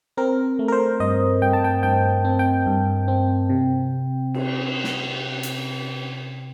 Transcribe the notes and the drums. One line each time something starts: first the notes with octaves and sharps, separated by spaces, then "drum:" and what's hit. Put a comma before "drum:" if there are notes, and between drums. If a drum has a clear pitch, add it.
C4 A#4
A3
A#4
C5
G2 D#5
G2 G5
A5
G5
G2 G5
C4
G5
G2
C4
C3
drum: cymbal
drum: snare
drum: hi-hat